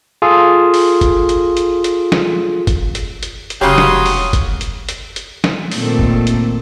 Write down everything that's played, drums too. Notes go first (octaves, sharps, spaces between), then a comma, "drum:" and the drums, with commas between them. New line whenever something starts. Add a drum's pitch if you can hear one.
F4 G#4 A4
drum: open hi-hat
drum: kick F#1, hi-hat
drum: hi-hat
drum: hi-hat
drum: hi-hat
drum: snare
drum: kick F#1, hi-hat
drum: hi-hat
drum: hi-hat
drum: hi-hat
F1 C#3 F#3 G4 F5 C6 D#6
drum: snare
drum: open hi-hat
drum: kick F#1, hi-hat
drum: hi-hat
drum: hi-hat
drum: hi-hat
drum: snare
A#2 D#3 A3 C4 A4, drum: open hi-hat
drum: kick F#1
drum: hi-hat